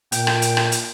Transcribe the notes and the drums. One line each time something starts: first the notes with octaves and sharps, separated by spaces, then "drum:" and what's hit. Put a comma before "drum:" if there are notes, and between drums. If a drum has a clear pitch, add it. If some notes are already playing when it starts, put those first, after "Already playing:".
A#2 G5, drum: hi-hat
drum: rim click
drum: hi-hat
drum: rim click
drum: hi-hat